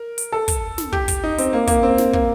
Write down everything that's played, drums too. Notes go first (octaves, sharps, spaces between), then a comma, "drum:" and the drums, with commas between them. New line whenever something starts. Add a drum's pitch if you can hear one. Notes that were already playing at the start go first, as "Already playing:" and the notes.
Already playing: A#4
drum: hi-hat
A4
drum: kick, hi-hat
drum: snare
G4, drum: kick
drum: kick, hi-hat
D#4
C4, drum: hi-hat
A#3
A#3, drum: kick, hi-hat
C4
drum: snare
A#3, drum: kick